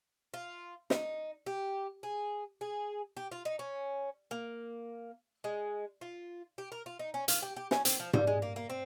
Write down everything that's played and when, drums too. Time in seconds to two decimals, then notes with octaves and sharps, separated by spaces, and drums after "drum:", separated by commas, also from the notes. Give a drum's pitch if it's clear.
0.34 F4
0.90 D#4, drum: snare
1.46 G4
2.03 G#4
2.61 G#4
3.17 G4
3.32 F4
3.45 D#4
3.59 C#4
4.31 A#3
5.44 G#3
6.01 F4
6.58 G4
6.72 A#4
6.86 F4
6.99 D#4
7.14 C#4
7.28 F4, drum: hi-hat
7.42 G4
7.56 G4
7.71 C#4, drum: snare
7.85 C4, drum: hi-hat
8.00 F3
8.13 G3, drum: tom G#2
8.27 G#3
8.42 A#3
8.56 A#3
8.70 C4